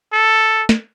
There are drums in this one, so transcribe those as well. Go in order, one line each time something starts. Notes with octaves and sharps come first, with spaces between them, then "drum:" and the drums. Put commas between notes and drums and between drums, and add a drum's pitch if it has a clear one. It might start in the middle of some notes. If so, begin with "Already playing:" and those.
A4
drum: snare